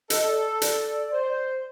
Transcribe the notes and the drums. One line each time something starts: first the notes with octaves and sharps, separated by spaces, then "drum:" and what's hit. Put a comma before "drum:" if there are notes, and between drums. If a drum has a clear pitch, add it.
A4 D#5, drum: hi-hat
D5
D5, drum: hi-hat
C5